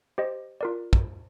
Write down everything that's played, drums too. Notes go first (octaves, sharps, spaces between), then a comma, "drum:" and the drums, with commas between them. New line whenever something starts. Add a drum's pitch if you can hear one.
G4 C5 D#5
F4 A#4 D5
drum: kick